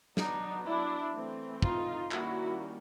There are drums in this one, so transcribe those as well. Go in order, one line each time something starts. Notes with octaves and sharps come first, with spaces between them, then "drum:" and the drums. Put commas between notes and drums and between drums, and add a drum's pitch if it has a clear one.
F#3 B3 D4 D#4, drum: snare
D4 E4
E3 A3 C4
D#4 F4, drum: kick
D#3 G3 A#3 C#4 E4 F#4, drum: clap